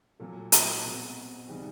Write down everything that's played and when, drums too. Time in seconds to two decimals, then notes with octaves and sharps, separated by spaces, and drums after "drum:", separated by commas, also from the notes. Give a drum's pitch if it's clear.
0.20 A#2 F#3 A#3 A4
0.52 drum: hi-hat
0.84 B2 G#3 C4
1.48 C3 D#3 G3 C4 G#4